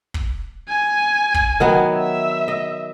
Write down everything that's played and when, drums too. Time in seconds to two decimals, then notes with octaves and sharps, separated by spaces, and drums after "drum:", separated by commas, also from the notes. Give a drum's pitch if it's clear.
0.14 drum: kick
0.69 G#5
1.34 drum: kick
1.60 D#3 F#3 B3
1.94 E5
2.48 D#5